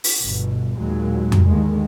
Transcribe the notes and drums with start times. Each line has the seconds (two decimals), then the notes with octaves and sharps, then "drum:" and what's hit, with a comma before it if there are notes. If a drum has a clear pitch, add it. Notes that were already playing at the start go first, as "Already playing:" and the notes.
0.04 drum: open hi-hat
0.21 G1 B2
0.76 D#2 A#2 F#3 G#3
1.32 drum: tom F2
1.46 D#2 G#2 D3 D#3 G#3